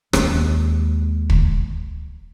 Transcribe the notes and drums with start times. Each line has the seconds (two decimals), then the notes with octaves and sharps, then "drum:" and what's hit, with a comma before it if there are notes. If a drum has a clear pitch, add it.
0.13 D#2 G#3, drum: rim click
1.30 drum: kick